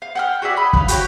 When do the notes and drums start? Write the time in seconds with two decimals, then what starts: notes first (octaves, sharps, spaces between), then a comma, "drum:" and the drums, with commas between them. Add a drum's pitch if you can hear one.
0.02 F5
0.15 F#5 G5 F6
0.42 F#4 G#4 D5 E5
0.56 D#5 B5
0.73 F5 F#5, drum: kick
0.88 F#4 G4 C#5, drum: hi-hat